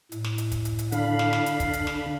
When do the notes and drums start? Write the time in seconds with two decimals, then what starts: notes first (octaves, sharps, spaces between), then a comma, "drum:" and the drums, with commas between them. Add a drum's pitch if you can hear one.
0.12 A2, drum: hi-hat
0.24 drum: snare
0.38 drum: hi-hat
0.52 drum: kick, hi-hat
0.65 drum: hi-hat
0.79 drum: hi-hat
0.92 D3 D4 F5 B5, drum: hi-hat
1.19 drum: snare
1.33 drum: snare
1.46 drum: hi-hat
1.60 drum: kick, hi-hat
1.73 drum: hi-hat
1.87 drum: snare